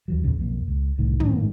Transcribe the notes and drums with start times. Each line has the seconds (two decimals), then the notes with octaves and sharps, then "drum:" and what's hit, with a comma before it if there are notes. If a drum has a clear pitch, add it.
0.08 D#2 E3 F#3
0.24 E2 A#2 C#3
0.37 B1 F2 A#3
0.68 C#2
0.98 F#1 C2 A2 D#3
1.20 G#1 F#2 A2 D#3, drum: tom